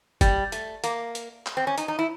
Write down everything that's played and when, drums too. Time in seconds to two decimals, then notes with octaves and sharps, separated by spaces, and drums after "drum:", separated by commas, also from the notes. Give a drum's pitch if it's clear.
0.21 G3, drum: kick G1, hi-hat
0.52 A3, drum: hi-hat
0.84 A#3, drum: hi-hat
1.15 drum: hi-hat
1.46 drum: clap
1.57 C4
1.67 C#4
1.78 D#4, drum: hi-hat
1.88 D#4
1.99 E4